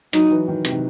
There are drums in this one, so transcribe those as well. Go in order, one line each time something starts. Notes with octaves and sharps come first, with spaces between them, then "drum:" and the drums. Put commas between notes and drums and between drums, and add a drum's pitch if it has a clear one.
F#3 D#4, drum: hi-hat
E3
D#3
C3, drum: hi-hat
D#3